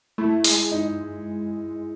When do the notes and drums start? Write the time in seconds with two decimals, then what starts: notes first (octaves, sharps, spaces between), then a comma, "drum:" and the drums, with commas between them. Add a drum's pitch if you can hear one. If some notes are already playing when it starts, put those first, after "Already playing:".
0.18 A3 E4
0.44 G#3, drum: open hi-hat
0.72 D#4